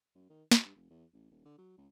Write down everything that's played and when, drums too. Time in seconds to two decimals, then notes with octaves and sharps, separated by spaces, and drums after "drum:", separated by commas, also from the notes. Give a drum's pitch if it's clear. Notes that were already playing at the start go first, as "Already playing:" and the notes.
0.15 F#2
0.30 D#3
0.51 B2, drum: snare
0.65 G2
0.76 F1
0.90 E2
1.14 A1
1.31 D#1
1.45 D3
1.58 F#3
1.78 C#2